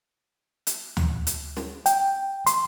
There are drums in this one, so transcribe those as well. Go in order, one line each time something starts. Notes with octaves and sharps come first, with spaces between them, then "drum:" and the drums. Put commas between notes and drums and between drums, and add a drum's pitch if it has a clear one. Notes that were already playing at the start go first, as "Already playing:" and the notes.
drum: hi-hat
drum: tom D2
drum: hi-hat
drum: snare
G5, drum: hi-hat
C6, drum: hi-hat